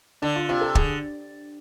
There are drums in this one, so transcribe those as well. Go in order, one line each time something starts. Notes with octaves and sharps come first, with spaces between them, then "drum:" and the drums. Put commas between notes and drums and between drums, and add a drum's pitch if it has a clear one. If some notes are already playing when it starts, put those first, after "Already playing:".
D3 D4
F4
C3 F4
A4
D3 G#4, drum: kick